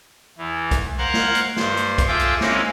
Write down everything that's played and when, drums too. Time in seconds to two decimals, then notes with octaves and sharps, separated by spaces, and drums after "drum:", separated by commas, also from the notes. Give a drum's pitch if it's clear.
0.38 E2 E3
0.71 drum: kick B1, hi-hat
0.98 A#4 C5 F5 F#5 F#6 G#6
1.14 drum: snare
1.35 drum: hi-hat
1.57 G2 C5, drum: snare
1.77 drum: hi-hat
1.98 drum: kick B1, hi-hat
2.08 F4 G#4 A4 E5 G5 D6
2.20 drum: hi-hat
2.41 G#3 A#3 C4 C#4 D#4 E4, drum: snare